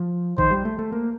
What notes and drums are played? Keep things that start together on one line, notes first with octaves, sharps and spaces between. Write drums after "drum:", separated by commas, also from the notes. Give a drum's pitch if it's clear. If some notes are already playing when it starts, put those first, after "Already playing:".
Already playing: F3
D#3 C5, drum: kick A#1
G3
A3
A3
A#3